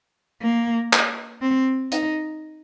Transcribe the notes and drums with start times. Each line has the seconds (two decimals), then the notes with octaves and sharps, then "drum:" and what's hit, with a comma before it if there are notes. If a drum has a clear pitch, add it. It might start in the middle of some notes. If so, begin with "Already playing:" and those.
0.41 A#3
0.93 drum: clap
1.42 C4
1.92 D#4, drum: hi-hat